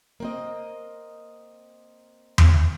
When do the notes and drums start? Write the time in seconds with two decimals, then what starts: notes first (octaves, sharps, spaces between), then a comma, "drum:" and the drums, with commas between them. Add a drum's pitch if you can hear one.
0.20 A#3 C4 D#5
2.38 drum: tom E2